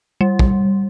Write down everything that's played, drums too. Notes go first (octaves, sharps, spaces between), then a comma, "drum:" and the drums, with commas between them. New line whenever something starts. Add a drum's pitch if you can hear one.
G3
drum: kick